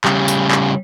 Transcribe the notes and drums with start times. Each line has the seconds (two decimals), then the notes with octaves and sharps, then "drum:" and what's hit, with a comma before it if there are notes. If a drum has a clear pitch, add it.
0.05 C#3 G3, drum: clap
0.28 drum: tambourine
0.51 drum: clap